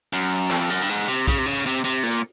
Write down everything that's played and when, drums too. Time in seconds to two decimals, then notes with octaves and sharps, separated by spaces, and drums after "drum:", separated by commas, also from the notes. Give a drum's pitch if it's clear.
0.13 F#2
0.51 F2, drum: clap
0.70 F#2
0.82 G2
0.89 G#2
1.08 C3
1.28 C#3, drum: kick B1, hi-hat
1.38 C3
1.46 C#3
1.66 C3
1.84 C3
2.03 A#2, drum: hi-hat